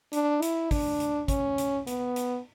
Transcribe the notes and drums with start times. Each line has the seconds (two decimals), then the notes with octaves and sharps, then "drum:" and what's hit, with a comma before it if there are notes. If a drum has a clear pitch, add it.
0.13 D4, drum: hi-hat
0.42 E4, drum: hi-hat
0.71 D4, drum: kick, open hi-hat
1.00 drum: hi-hat
1.28 C#4, drum: kick, hi-hat
1.58 drum: hi-hat
1.87 B3, drum: hi-hat
2.16 drum: hi-hat